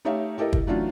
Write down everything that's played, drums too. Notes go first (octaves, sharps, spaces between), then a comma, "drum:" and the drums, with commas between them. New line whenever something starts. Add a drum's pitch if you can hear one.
A3 D#4 G4 C#5 E5 F5
E4 G4 A4 A#4 D#5
drum: kick
E3 F#3 A3 C#4 D4 F4